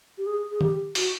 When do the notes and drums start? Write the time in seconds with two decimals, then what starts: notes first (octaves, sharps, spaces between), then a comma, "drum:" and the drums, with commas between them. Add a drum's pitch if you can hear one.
0.18 G4
0.26 G#4
0.51 G#4
0.61 G4, drum: tom D#3
0.95 F#4, drum: open hi-hat